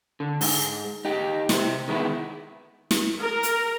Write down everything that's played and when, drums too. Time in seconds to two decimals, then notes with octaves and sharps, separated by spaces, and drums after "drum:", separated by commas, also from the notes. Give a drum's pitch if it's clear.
0.20 D3
0.41 G#2, drum: open hi-hat
1.05 D#4 G4
1.49 C3 B4 C5, drum: snare
1.88 D#3 G#3 B3 E4
2.91 drum: snare
3.21 A#4
3.43 drum: hi-hat